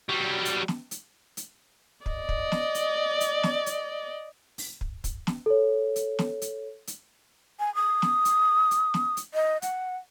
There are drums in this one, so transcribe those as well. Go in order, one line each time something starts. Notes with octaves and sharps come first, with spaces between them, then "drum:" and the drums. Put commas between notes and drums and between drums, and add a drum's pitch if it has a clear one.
F#3 G3
drum: hi-hat
drum: snare
drum: hi-hat
drum: hi-hat
D5 D#5, drum: kick
drum: kick
drum: snare
drum: hi-hat
drum: hi-hat
drum: snare
drum: hi-hat
drum: open hi-hat
drum: kick
drum: kick, hi-hat
drum: snare
A4 C#5
drum: hi-hat
drum: snare
drum: hi-hat
drum: hi-hat
G#5
D#6
drum: snare
drum: hi-hat
drum: hi-hat
drum: snare
drum: hi-hat
D#5
F#5, drum: hi-hat